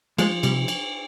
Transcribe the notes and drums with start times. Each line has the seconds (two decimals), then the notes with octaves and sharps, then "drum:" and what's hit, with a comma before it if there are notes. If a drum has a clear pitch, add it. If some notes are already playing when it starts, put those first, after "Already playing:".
0.18 F3 G#3, drum: cymbal
0.43 C3 G3, drum: cymbal
0.68 drum: cymbal